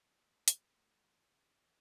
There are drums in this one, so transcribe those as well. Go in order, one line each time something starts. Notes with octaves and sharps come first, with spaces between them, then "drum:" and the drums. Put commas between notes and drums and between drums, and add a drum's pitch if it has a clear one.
D#6
A3 E6
A3 E6, drum: hi-hat
A3
C#6
E3 C6
C#3
E3